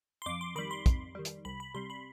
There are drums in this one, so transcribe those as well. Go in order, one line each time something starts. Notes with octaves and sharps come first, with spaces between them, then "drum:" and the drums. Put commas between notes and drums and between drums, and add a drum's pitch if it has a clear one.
C6
F2 D6
C6
D#3 G3 B5
C6
F2, drum: kick, hi-hat
D#3 G3
drum: hi-hat
C2 B5
B5
C3 G3 C6
B5